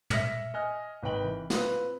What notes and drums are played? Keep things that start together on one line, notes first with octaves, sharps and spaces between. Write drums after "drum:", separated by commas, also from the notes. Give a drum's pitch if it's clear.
E5 F6 A#6 B6 C#7, drum: tom
D#5 G#5 F6
G#1 B4 D#5 G5 F#7
E3
C4 F4 B4, drum: snare